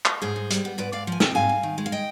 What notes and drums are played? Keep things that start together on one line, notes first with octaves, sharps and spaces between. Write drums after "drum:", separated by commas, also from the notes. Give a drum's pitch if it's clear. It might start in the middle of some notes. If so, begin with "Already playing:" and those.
drum: clap
G#2 G#4 C5
G#2
G3, drum: hi-hat
B3
G#2 B4 D5
G#2 D5 F5
F3 G#5
C4 D#5 G5, drum: snare
G#2 F5 G#5
G#2
D#3
G#3
F5
D#5 G5